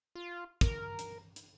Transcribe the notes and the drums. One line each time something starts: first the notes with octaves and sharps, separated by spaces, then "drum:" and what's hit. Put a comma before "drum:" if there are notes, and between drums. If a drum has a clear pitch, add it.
F4
A#4, drum: kick, hi-hat
drum: hi-hat
drum: hi-hat